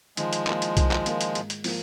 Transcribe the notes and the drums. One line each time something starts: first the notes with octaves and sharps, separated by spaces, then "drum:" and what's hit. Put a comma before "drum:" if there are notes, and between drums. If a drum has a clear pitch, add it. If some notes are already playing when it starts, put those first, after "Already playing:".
D#3 F3 G#3, drum: hi-hat
drum: hi-hat
A#3 F4 A#4, drum: clap
drum: hi-hat
D#3, drum: kick, hi-hat
drum: clap
A#3 F4 A#4, drum: hi-hat
drum: hi-hat
G#2, drum: hi-hat
drum: hi-hat
F3 A#3, drum: open hi-hat